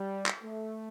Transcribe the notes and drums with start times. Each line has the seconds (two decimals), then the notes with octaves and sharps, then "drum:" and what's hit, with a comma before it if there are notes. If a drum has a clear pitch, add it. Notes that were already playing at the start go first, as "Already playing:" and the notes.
Already playing: G3
0.26 drum: clap
0.43 A3